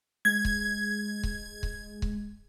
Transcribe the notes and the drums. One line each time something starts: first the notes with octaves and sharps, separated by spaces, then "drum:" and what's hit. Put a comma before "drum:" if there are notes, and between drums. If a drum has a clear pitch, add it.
G#3 G#6
drum: kick C#1
drum: kick C#1
drum: kick C#1
drum: kick C#1